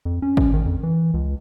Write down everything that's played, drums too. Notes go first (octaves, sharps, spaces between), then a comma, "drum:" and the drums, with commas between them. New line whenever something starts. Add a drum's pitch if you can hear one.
F2
C#4
drum: kick G#1
D#3
F2
E3
C#2